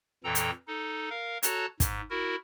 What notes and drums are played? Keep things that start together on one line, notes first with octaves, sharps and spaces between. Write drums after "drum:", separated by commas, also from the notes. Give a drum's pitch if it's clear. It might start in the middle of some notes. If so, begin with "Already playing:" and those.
F2 A#2 E3 A4 G5 A#5
drum: hi-hat
D#4 A4
A#4 F5
F#4 A4 C#5 A5 A#5 F#6, drum: hi-hat
G#2, drum: kick, hi-hat
E4 F#4 A#4